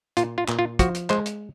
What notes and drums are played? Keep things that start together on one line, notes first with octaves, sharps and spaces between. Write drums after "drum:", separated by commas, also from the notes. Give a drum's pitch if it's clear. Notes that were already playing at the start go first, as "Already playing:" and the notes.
A#2 F4, drum: hi-hat
F4
A#2, drum: clap
F4
F3 F#4, drum: kick, hi-hat
drum: hi-hat
G#3 C5, drum: clap
drum: hi-hat